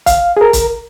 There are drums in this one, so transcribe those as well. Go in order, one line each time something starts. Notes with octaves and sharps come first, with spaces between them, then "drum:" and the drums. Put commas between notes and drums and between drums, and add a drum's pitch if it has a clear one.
F5, drum: kick, hi-hat
G#4
A#4
drum: kick, hi-hat